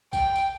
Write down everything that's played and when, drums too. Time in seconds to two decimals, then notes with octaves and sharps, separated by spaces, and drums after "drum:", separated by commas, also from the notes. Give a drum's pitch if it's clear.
0.13 G5, drum: kick, tambourine
0.36 drum: tambourine